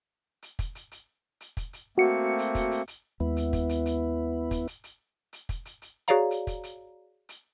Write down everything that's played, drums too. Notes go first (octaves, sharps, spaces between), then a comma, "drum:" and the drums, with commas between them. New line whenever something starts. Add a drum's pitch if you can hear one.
drum: hi-hat
drum: kick, hi-hat
drum: hi-hat
drum: hi-hat
drum: hi-hat
drum: kick, hi-hat
drum: hi-hat
A3 A#3 C4 F#4 C#7
drum: hi-hat
drum: kick, hi-hat
drum: hi-hat
drum: hi-hat
D#2 G#3 B3 E4
drum: hi-hat
drum: kick, hi-hat
drum: hi-hat
drum: hi-hat
drum: kick, hi-hat
drum: hi-hat
drum: hi-hat
drum: hi-hat
drum: kick, hi-hat
drum: hi-hat
drum: hi-hat
F#4 G#4 C#5 D5 F5 A#5
drum: hi-hat
drum: kick, hi-hat
drum: hi-hat
drum: hi-hat